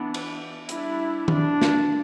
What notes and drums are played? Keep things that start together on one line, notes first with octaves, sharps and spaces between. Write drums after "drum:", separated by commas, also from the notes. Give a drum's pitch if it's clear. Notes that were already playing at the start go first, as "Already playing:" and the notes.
Already playing: E3 B3 D4
drum: cymbal
G3 D4 E4, drum: hi-hat
D4, drum: tom D#3
drum: snare